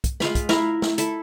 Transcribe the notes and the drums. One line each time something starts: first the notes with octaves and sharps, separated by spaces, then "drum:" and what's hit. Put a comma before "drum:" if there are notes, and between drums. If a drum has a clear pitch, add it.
drum: kick, hi-hat
G#3 F4 F5 B5, drum: snare
drum: kick, hi-hat
E4 A#4 F5, drum: snare
drum: snare
E4 A4, drum: hi-hat